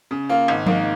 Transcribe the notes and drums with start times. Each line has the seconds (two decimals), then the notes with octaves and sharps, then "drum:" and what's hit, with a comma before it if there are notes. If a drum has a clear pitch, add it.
0.11 C#3
0.29 A#3 F4
0.48 G#1
0.66 G#2 D#3 A#3, drum: tom F3